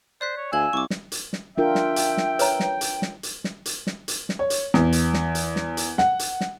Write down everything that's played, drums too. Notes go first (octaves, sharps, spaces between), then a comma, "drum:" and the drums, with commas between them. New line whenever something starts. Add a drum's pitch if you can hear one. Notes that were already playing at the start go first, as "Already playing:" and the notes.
C5 D5 F#6 B6
C#5
D2 F5 G#5 E6 G#6 F#7
C2 C#6 D6
drum: snare
drum: hi-hat
drum: snare
D4 F4 A#4 E5 G5
drum: snare
drum: hi-hat
drum: snare
B4 C#5 A#5, drum: hi-hat
drum: snare
drum: hi-hat
drum: snare
drum: hi-hat
drum: snare
drum: hi-hat
drum: snare
drum: hi-hat
drum: snare
C#5
drum: hi-hat
E2, drum: snare
drum: hi-hat
drum: snare
drum: hi-hat
drum: snare
drum: hi-hat
F#5, drum: snare
drum: hi-hat
drum: snare